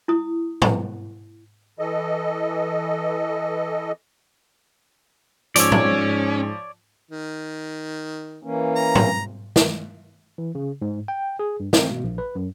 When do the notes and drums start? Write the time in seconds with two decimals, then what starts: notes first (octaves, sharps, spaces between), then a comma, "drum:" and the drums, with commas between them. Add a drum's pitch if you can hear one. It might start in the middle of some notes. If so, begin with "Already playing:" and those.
0.08 E4 D#6
0.62 drum: tom
1.79 E3 A4 D#5
5.56 G#2 F3 C#4 C#5 D5 D6 E6, drum: hi-hat
5.72 drum: tom
7.11 D#3
8.43 E3 A#3 C#4
8.76 A#5
8.95 drum: tom
9.56 drum: snare
10.38 E3
10.55 C#3
10.82 G#2
11.08 G5
11.39 G#4
11.60 G2
11.73 C4, drum: snare
11.90 B2
12.04 A#1
12.18 B4
12.35 F#2